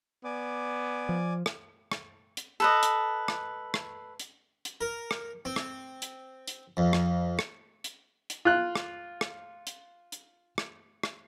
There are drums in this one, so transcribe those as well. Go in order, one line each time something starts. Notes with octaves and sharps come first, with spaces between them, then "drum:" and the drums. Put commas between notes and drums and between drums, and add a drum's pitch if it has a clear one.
B3 D5 G#5 D6
F3
drum: rim click
drum: rim click
drum: hi-hat
A4 B4 D#5
drum: hi-hat
drum: rim click
drum: rim click
drum: hi-hat
drum: hi-hat
A#4
drum: rim click
C4
drum: rim click
drum: hi-hat
drum: hi-hat
F2
drum: rim click
drum: rim click
drum: hi-hat
drum: hi-hat
F4 F#6
drum: rim click
drum: rim click
drum: hi-hat
drum: hi-hat
drum: rim click
drum: rim click